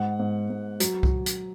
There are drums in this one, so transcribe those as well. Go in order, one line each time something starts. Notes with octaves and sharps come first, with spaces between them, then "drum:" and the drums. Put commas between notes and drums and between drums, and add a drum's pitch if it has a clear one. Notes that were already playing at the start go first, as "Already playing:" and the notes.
Already playing: G#2 F#5
G#2
G#2
F#3, drum: hi-hat
drum: kick C2
drum: hi-hat